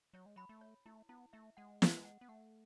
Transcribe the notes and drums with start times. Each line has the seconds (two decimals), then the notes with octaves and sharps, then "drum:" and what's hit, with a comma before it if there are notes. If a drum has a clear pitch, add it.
0.13 F#3 C#5
0.26 G#3
0.36 F#3 B5
0.49 A3
0.61 C#5
0.86 A3 E4
1.09 B3 E4
1.33 A3 E5
1.57 G#3 F#5
1.82 F#5, drum: snare
1.93 G#3
2.05 F#5
2.21 B3
2.29 A3 F#5